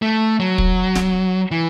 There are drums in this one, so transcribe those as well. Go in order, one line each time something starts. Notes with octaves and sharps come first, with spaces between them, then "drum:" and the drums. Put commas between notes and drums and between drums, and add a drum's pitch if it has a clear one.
A3
F#3
drum: kick
drum: snare D1
E3